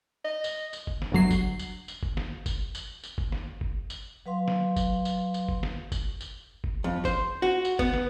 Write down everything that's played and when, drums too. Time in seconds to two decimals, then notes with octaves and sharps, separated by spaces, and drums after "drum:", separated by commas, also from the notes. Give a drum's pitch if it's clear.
0.25 D#5
0.44 drum: tambourine
0.73 drum: tambourine
0.87 drum: kick F#1
1.02 drum: snare
1.12 G1 D2 F#3 C7
1.31 drum: kick F#1, tambourine
1.59 drum: tambourine
1.88 drum: tambourine
2.03 drum: kick F#1
2.17 drum: snare
2.46 drum: kick F#1, tambourine
2.75 drum: tambourine
3.04 drum: tambourine
3.18 drum: kick F#1
3.32 drum: snare
3.61 drum: kick F#1
3.90 drum: tambourine
4.26 F#3 B4 F5 C6
4.48 drum: snare
4.76 drum: kick F#1, tambourine
5.05 drum: tambourine
5.34 drum: tambourine
5.49 drum: kick F#1
5.63 drum: snare
5.92 drum: kick F#1, tambourine
6.21 drum: tambourine
6.64 drum: kick F#1
6.84 F2
7.05 C5, drum: kick F#1, tambourine
7.42 F#4
7.65 drum: tambourine
7.79 B3, drum: kick F#1
7.94 drum: snare